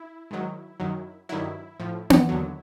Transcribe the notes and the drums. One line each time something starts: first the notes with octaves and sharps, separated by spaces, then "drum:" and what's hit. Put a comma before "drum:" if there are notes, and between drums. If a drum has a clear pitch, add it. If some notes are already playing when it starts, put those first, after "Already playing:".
Already playing: E4
G#2 D#3 F#3
F#2 D#3 F#3
G2 D#3 F#3 E4
A2 F3
drum: tom B3
D#2 D3 F#3